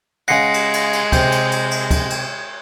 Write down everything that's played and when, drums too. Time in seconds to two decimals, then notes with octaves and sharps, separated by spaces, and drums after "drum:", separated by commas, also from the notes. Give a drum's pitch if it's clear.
0.28 C#3 G#3 F#5 A#6 C7 C#7
0.54 drum: cymbal
0.73 drum: cymbal
0.93 drum: cymbal
1.12 C3 G6, drum: kick, cymbal
1.32 drum: cymbal
1.52 drum: cymbal
1.71 drum: cymbal
1.91 drum: kick, cymbal
2.10 drum: cymbal